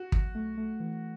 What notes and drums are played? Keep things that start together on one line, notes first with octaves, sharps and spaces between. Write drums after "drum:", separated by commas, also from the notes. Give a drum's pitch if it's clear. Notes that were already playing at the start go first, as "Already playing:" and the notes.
Already playing: F#4
B1, drum: kick
A3
A3
E3